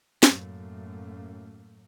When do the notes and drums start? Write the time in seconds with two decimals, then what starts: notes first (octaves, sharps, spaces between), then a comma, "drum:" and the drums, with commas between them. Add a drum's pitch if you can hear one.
0.23 F#2 A2 A3 A#3, drum: snare